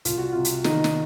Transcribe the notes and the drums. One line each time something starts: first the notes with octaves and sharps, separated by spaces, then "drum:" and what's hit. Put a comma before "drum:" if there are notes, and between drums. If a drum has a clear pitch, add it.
C2 F4, drum: hi-hat
F#4
C3 F4
drum: hi-hat
D#3 D#4, drum: snare
drum: snare